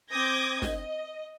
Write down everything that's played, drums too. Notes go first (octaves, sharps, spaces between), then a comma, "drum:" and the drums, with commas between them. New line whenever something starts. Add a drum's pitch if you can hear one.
C4 D6 D#6 G6 G#6 A#6
D#5, drum: snare